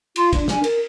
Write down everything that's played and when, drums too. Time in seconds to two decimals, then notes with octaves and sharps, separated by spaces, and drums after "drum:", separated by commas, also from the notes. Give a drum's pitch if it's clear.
0.16 F4 C6, drum: cymbal
0.33 D4, drum: kick, cymbal
0.48 D4 G#5, drum: snare
0.64 A#4, drum: cymbal